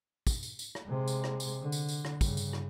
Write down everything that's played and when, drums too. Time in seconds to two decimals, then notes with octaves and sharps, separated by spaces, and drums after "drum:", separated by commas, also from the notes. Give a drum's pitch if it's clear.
0.27 drum: kick, tambourine
0.43 drum: tambourine
0.59 drum: tambourine
0.75 drum: rim click
0.87 C3 G#3
1.08 drum: tambourine
1.24 drum: rim click
1.40 drum: tambourine
1.62 D3
1.72 drum: tambourine
1.89 drum: tambourine
2.05 drum: rim click
2.21 G2 C#3, drum: kick, tambourine
2.37 drum: tambourine
2.53 drum: rim click